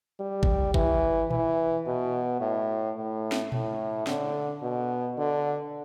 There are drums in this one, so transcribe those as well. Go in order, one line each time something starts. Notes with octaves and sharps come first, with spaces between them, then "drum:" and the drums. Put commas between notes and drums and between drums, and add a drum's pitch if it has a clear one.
G3
drum: kick G#1
E3, drum: kick G#1
E3, drum: tom A#2
B2
A2
A2
drum: snare
A2, drum: tom A#2
D3, drum: snare
B2
D3